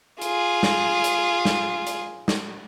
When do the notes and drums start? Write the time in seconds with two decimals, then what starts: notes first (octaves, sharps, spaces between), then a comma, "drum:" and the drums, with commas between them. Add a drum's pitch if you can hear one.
0.22 F4 G#4, drum: hi-hat
0.63 drum: snare
1.04 drum: hi-hat
1.45 drum: snare
1.87 drum: hi-hat
2.28 drum: snare